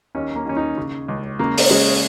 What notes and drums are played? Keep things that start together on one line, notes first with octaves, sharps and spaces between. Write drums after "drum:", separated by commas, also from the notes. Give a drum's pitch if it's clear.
D#2 C#4
A#3
D#2 C#4
D#4
C#3
C#2
C#3 A#3
drum: open hi-hat
C#3 G#3